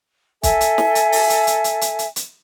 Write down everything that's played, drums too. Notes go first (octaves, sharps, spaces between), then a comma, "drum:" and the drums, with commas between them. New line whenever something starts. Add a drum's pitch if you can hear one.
A4 E5 G#5, drum: kick B1, hi-hat
drum: hi-hat
drum: snare
drum: hi-hat
drum: open hi-hat
drum: hi-hat
drum: hi-hat
drum: hi-hat
drum: hi-hat
drum: hi-hat
drum: hi-hat